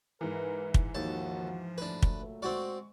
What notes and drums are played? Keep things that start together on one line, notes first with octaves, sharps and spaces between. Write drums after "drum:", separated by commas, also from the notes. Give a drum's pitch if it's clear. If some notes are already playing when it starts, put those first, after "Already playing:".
G#2 E3 A#4 B4
drum: kick
D#2 F3 D#4 F4 F#4 A5
A#2 F#3 A3 D4 B4
drum: kick
G#3 C4 F#4 D5 C#6